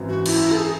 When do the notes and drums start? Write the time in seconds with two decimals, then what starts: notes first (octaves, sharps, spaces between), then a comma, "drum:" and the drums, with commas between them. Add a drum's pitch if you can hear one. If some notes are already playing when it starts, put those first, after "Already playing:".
Already playing: G#1 F#2 E3
0.09 F#4
0.26 E4, drum: cymbal
0.41 E4
0.52 A4
0.57 G#4